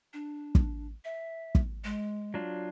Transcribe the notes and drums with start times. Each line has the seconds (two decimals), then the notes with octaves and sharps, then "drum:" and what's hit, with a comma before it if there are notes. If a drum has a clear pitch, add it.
0.13 D4
0.55 drum: kick
1.05 E5
1.55 drum: kick
1.84 G#3
2.34 F#3 D4 F4